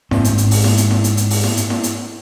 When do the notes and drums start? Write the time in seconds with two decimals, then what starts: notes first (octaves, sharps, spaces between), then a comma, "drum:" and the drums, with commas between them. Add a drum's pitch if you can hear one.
0.11 G#2 C4, drum: snare E4
0.25 drum: hi-hat
0.38 drum: hi-hat
0.51 drum: open hi-hat
0.64 drum: snare E4
0.77 drum: hi-hat
0.91 drum: snare E4
1.04 drum: hi-hat
1.17 drum: hi-hat
1.30 drum: open hi-hat
1.44 drum: snare E4
1.57 drum: hi-hat
1.70 drum: snare E4
1.83 drum: hi-hat